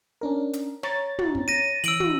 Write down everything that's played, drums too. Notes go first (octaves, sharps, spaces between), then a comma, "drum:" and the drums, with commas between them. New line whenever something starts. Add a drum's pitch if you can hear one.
C#4 D4 A#4
drum: hi-hat
C#5 A#5 A6, drum: snare
drum: tom
drum: kick
A#6 D#7
E3 E6 D7 F#7, drum: hi-hat
drum: tom